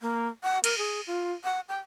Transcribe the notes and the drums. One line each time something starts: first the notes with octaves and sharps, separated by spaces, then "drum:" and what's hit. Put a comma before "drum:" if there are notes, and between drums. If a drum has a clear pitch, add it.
A#3
F#5
A#4, drum: cymbal
G#4
F4
F#5
G5